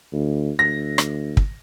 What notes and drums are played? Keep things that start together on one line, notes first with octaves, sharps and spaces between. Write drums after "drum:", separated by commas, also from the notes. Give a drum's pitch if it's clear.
D2
D2 A#6
drum: rim click
drum: kick